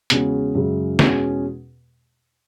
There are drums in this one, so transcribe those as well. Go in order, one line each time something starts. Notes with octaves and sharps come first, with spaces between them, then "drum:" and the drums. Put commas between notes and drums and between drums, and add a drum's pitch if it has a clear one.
E2 C#3 G#3 C#4 F#4, drum: hi-hat
F#2 C#3 G#3
E2 B2 G#3 C#4 F#4, drum: snare